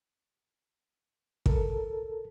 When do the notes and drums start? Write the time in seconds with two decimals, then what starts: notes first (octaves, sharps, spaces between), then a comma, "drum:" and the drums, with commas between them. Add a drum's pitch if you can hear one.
1.46 A4 A#4, drum: kick